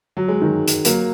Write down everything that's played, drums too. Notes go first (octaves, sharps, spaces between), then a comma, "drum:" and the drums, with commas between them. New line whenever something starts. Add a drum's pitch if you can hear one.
F#3
G#3
D#3 F#3
drum: hi-hat
F#3 A#3, drum: hi-hat